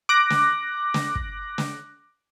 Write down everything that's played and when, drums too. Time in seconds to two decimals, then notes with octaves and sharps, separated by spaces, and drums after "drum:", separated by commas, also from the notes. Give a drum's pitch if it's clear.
0.09 D6 F#6 A#6
0.30 drum: snare
0.94 drum: snare
1.15 drum: kick
1.58 drum: snare